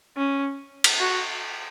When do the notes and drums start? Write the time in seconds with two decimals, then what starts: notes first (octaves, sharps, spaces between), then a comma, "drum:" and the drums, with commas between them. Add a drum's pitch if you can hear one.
0.17 C#4
0.84 drum: cymbal
1.00 F#4